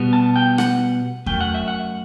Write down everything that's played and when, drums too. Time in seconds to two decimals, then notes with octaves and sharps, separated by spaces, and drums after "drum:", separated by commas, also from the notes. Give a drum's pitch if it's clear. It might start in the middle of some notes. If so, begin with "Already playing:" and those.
Already playing: B2 G3 B3
0.13 A5
0.36 G5
0.58 F#5, drum: rim click
1.26 F#2 E3 A3 G5, drum: kick E2
1.41 F#5
1.55 E5
1.68 F#5